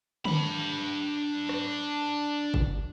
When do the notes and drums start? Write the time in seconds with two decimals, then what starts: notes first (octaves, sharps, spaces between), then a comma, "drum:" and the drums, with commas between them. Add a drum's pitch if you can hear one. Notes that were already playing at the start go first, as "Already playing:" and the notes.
0.25 D4 B5, drum: tom D3
1.49 drum: rim click
2.54 drum: kick